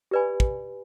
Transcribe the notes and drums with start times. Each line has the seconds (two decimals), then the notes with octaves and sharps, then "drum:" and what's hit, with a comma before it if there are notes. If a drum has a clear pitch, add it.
0.11 G4 B4 D5 G#5 B5
0.40 drum: kick